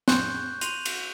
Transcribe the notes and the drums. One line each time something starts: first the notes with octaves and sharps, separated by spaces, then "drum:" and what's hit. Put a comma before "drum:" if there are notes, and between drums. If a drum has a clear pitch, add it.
C6 C#6 F#6 G6, drum: snare
C6 D#7 F7 F#7, drum: hi-hat
drum: cymbal